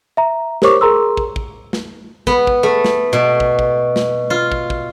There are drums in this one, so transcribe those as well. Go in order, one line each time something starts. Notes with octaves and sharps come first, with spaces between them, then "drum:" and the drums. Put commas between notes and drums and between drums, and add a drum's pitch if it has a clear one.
E5 A#5
G4 A#4 C5 C#5 C#6 D6, drum: snare
G#4 A#4 A#5 C6 E6
drum: kick
drum: kick
drum: snare
B3, drum: kick
drum: kick
A3
drum: snare
B2
drum: kick
drum: kick
drum: snare
F4
drum: kick
drum: kick